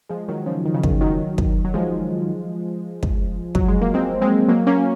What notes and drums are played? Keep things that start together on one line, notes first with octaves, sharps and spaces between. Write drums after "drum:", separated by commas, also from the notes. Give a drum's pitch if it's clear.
F3 G#3
D#3 F#3
C#3 F3
D#3
C#3
D#3, drum: kick
D#3 F#3
drum: kick
F#3
F3 G#3
drum: kick
F#3, drum: kick
G#3
A#3
G#3 C4
G#3 C4
F#3 A#3
A#3 C#4